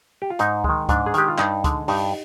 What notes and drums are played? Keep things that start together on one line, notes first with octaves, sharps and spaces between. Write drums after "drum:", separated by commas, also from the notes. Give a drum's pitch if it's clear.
G4
F4
G#2 D#4, drum: hi-hat
D#3 G#3, drum: kick C#2
G#2 D4, drum: kick C#2, hi-hat
G#4
D#3 G#3 G4, drum: hi-hat
F4
G2 D#4, drum: clap
D3 G#3, drum: kick C#2, hi-hat
G2 D#4 G4, drum: open hi-hat